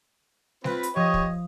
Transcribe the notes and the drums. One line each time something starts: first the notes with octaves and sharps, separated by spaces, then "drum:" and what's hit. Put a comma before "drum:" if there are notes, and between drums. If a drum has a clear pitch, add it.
C4 F4 B4, drum: snare G3
drum: hi-hat
F3 G4 C#5 D#5 D#6
drum: kick